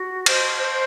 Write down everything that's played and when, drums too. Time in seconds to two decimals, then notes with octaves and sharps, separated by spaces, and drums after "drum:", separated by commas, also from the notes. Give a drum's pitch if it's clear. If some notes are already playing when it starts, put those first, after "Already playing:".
Already playing: F#4
0.26 C5, drum: cymbal
0.63 C5